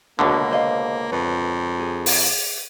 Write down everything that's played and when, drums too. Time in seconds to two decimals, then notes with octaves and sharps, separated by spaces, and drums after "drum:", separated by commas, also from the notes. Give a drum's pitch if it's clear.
0.19 C#2 B2 D3 A#3 D4 F#4
0.51 C5 D#5 F5
1.12 F2 B4 C#5
1.79 G#4
2.06 drum: open hi-hat